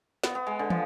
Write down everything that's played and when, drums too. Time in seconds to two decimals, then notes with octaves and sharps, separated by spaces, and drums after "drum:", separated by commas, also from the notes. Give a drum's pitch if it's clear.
0.24 B3, drum: snare
0.35 B3
0.47 G#3
0.59 D3
0.70 F3, drum: tom